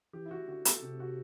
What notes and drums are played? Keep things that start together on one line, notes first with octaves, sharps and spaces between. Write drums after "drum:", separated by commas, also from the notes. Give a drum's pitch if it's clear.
E3 G4
E4
F#4
D3 F#4
A4, drum: hi-hat
C3 G4
F#4